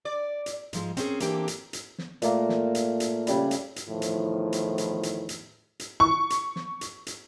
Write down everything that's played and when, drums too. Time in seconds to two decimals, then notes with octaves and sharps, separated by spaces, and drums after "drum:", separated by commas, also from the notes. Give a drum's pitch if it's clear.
0.05 D5
0.46 drum: hi-hat
0.73 G#2 F3 G#3, drum: hi-hat
0.97 C4 C#4 E4 G4 G#4 A#4, drum: hi-hat
1.20 E3 A#3 C4 D4 G4 A4, drum: hi-hat
1.48 drum: hi-hat
1.73 drum: hi-hat
1.98 drum: snare
2.22 A#2 A3 A#3, drum: hi-hat
2.49 drum: snare
2.75 drum: hi-hat
3.00 drum: hi-hat
3.27 C#3 G3 B5, drum: hi-hat
3.51 drum: hi-hat
3.76 drum: hi-hat
3.89 E2 A2 D#3 F3
4.02 drum: hi-hat
4.52 drum: hi-hat
4.78 drum: hi-hat
5.03 drum: hi-hat
5.29 drum: hi-hat
5.80 drum: hi-hat
6.00 C#6
6.30 drum: hi-hat
6.56 drum: snare
6.81 drum: hi-hat
7.07 drum: hi-hat